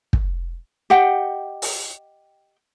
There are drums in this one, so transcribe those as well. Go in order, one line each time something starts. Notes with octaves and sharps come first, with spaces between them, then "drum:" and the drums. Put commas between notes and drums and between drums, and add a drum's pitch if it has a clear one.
drum: kick
G4 D#5 F#5 G5
drum: open hi-hat